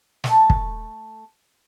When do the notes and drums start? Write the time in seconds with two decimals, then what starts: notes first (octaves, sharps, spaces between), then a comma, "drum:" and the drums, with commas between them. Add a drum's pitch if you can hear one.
0.24 A3 A5, drum: snare
0.50 drum: kick